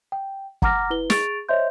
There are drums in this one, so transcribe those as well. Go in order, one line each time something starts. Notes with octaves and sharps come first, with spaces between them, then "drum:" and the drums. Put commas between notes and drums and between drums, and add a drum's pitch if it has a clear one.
G5
F#5 A#5 D6 F6 A#6, drum: kick
E4 B4 G7
G#4 C#6 A6 D7 F7, drum: snare
C5 C#5 D#5 E5 C6 G6